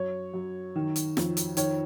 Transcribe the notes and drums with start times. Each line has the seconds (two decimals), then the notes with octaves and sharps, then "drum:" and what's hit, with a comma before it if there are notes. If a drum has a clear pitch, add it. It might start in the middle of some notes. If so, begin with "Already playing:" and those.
Already playing: F#2 C#5
0.34 F#2
0.76 D#3
0.96 drum: hi-hat
1.17 F2, drum: snare
1.37 drum: hi-hat
1.57 D#3 C#5, drum: hi-hat